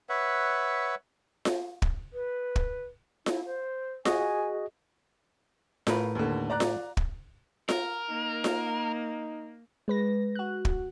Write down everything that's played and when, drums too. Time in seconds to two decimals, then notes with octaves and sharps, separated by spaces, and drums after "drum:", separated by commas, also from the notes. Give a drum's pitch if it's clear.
0.09 B4 C#5 E5 F#5
1.45 drum: snare F4
1.82 drum: kick
2.13 B4
2.56 drum: kick
3.26 E4, drum: snare F4
3.46 C5
4.05 F#4 G#4 D#5 G#5, drum: snare F4
5.87 A2 A#4 B4, drum: snare F4
6.15 D#2 D3
6.50 D5 A#5 F#6
6.60 drum: snare F4
6.97 drum: kick
7.69 A#4, drum: snare F4
8.10 A#3 D#4
8.44 drum: snare F4
9.88 G#3 B4 A#6
10.35 F#4 F#6
10.65 drum: kick